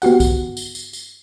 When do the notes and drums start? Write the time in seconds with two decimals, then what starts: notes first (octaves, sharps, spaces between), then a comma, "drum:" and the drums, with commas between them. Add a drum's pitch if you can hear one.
0.02 B3 F#4 G4 F#5, drum: tambourine
0.20 drum: kick, tambourine
0.57 drum: tambourine
0.75 drum: tambourine
0.93 drum: tambourine